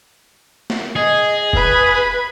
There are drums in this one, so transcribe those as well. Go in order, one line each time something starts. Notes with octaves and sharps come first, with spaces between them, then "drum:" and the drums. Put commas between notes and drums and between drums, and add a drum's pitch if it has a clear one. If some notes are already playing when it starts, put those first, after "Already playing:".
drum: snare
G#4 D#5
B4 B5, drum: kick F1